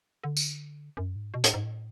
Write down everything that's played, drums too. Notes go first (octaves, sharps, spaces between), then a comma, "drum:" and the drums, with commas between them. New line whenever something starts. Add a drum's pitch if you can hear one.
D3
drum: tambourine
F#2
G#2
B2
A2, drum: hi-hat
G#2
A2